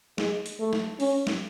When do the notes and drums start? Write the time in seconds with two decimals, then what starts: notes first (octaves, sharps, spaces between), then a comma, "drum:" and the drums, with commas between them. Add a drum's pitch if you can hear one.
0.18 G#3, drum: snare
0.46 drum: hi-hat
0.60 A3
0.73 drum: snare
1.00 C#4, drum: open hi-hat
1.27 drum: snare